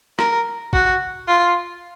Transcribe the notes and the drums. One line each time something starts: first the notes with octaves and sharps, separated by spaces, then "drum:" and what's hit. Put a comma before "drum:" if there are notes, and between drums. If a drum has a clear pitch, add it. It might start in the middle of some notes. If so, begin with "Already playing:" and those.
A#4, drum: rim click
F#4, drum: kick
F4